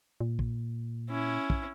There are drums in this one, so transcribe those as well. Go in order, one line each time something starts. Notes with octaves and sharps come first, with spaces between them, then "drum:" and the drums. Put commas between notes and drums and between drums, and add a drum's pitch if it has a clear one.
A#2
drum: kick
C#4 E4
drum: kick